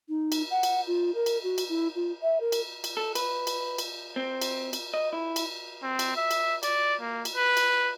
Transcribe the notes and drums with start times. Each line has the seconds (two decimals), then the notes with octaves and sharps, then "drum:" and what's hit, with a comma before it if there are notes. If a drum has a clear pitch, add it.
0.08 D#4
0.32 drum: cymbal
0.50 F#5
0.63 drum: cymbal
0.87 F4
1.15 A#4
1.26 drum: cymbal
1.43 F#4
1.58 drum: cymbal
1.69 E4
1.95 F4
2.23 E5
2.40 A#4
2.52 drum: cymbal
2.84 drum: cymbal
2.97 A4
3.15 B4, drum: cymbal
3.47 drum: cymbal
3.78 drum: cymbal
4.16 C4
4.42 drum: cymbal
4.73 drum: cymbal
4.94 D#5
5.13 E4
5.36 drum: cymbal
5.83 C4
5.99 drum: cymbal
6.17 E5
6.31 drum: cymbal
6.63 D5, drum: cymbal
7.00 A#3
7.25 drum: cymbal
7.36 B4
7.57 drum: cymbal